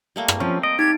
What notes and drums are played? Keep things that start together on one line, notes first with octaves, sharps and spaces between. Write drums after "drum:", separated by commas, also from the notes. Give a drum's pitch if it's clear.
G3 A3 A#3
drum: rim click
F3 C4 C#4
D#5 D7
D#4 G4 G#6